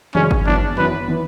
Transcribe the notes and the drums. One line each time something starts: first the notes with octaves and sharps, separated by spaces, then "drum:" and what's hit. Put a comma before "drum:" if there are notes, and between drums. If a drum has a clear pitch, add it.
F#2 C#3 G#3 C#4 D4, drum: tom D#3
drum: kick G1
F#2 E3 B3 D4
F#2 E3 B3 B4
E3 B3